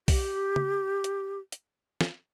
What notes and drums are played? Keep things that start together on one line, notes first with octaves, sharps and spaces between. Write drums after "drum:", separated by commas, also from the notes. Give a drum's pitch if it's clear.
G4, drum: kick B1, open hi-hat
drum: tom
drum: hi-hat
drum: hi-hat
drum: snare